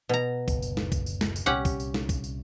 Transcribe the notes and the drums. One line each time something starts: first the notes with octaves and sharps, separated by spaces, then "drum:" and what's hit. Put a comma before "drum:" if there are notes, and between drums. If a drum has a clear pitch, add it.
B2 A#5
F#1 D2, drum: kick B1, tambourine
drum: tambourine
drum: snare
drum: kick B1, tambourine
drum: tambourine
drum: snare
drum: tambourine
C2 A#2 C#4 G4 F#5
drum: kick B1, tambourine
drum: tambourine
drum: snare
drum: kick B1, tambourine
drum: tambourine